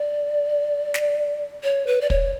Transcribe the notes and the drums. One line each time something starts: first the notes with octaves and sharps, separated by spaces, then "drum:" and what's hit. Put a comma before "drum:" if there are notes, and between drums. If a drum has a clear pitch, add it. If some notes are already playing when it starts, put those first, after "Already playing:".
Already playing: D5
drum: snare
C#5
B4
D5
C#5, drum: kick